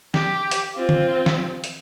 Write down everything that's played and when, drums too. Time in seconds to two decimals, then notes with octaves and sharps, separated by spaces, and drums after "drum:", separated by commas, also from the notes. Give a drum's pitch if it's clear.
0.14 G4, drum: snare
0.51 drum: hi-hat
0.75 C4 F4
0.89 drum: tom D3
1.26 drum: snare
1.64 drum: hi-hat